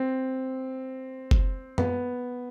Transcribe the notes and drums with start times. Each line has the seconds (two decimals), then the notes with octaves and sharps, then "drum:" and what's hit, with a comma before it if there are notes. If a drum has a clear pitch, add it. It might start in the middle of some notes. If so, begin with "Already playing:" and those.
Already playing: C4
1.31 drum: kick F#1
1.78 B3, drum: tom F#2